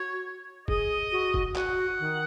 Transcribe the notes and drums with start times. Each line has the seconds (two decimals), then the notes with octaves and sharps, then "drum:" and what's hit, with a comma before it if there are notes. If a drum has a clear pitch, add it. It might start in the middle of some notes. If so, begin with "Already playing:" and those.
Already playing: F#4 C#5
0.68 G#4 D#5, drum: kick
1.12 F#4
1.34 drum: kick
1.56 F#4 F#5, drum: clap
1.99 D#3